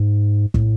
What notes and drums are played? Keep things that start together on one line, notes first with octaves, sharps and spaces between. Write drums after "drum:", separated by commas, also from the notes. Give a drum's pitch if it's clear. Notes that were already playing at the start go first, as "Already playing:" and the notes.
Already playing: G#2
A2, drum: kick